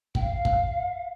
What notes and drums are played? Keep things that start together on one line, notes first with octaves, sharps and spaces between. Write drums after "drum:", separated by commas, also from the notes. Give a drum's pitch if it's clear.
G5, drum: kick
F5
drum: kick